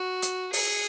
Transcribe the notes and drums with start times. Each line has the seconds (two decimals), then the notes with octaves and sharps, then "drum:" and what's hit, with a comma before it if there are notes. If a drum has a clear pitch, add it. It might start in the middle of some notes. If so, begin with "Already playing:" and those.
Already playing: F#4
0.22 drum: hi-hat
0.53 G#4, drum: open hi-hat